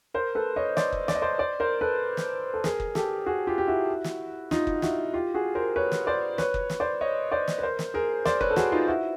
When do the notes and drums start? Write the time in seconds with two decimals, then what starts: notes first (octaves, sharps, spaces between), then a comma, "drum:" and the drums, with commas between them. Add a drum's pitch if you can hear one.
0.14 A#4 C5
0.35 A4 B4
0.56 C#5 D#5
0.77 C5 D5, drum: snare
0.92 drum: kick F#1
1.08 D5, drum: snare
1.15 D#5
1.22 C5 D5
1.39 C5 D5
1.60 A#4 C5
1.81 A4 B4
2.17 drum: snare
2.54 A4
2.64 G#4 A#4, drum: snare
2.80 drum: kick F#1
2.95 G4 A4, drum: snare
3.26 F#4 G#4
3.47 F4 G4
3.58 G4
3.67 E4 F#4
4.04 drum: snare
4.51 D#4 F4, drum: snare
4.67 drum: kick F#1
4.82 E4 F#4, drum: snare
5.13 F4 G4
5.34 F#4 G#4
5.55 A#4 C5
5.76 B4 C#5
5.92 drum: snare
6.07 C5 D5
6.38 B4 C#5, drum: snare
6.54 drum: kick F#1
6.70 drum: snare
6.80 C5 D5
7.01 C#5 D#5
7.32 C5 D5
7.48 drum: snare
7.58 B4
7.63 A#4 C5
7.79 drum: snare
7.94 G#4 A#4
8.25 C5 D5, drum: snare
8.41 B4 C#5, drum: kick F#1
8.51 A4
8.56 F#4 G#4, drum: snare
8.72 D#4 F4
8.88 E4 F#4